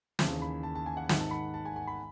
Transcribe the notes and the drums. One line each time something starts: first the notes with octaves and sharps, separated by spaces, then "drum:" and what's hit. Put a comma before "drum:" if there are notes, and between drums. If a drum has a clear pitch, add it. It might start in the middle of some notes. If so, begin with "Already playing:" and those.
D#2 C#3 E3 A5, drum: snare
B5
A5
A5
G#5
F#5
G#2 D#3 F#5, drum: snare
A5
B5
A5
G#5
G#5
B5